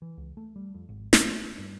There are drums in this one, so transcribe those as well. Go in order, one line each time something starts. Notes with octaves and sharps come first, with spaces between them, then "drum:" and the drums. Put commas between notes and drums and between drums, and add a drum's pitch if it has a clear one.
E3
C#2
A3
G3
F2
G#1
G1, drum: snare
A3
G2